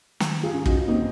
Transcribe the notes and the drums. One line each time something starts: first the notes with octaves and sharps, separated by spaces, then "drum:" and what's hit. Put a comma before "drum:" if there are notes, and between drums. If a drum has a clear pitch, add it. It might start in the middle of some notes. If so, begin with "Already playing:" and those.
D#3, drum: snare
F4 G#4
C#4
D#4 F#4, drum: kick
A#3 C4 D#4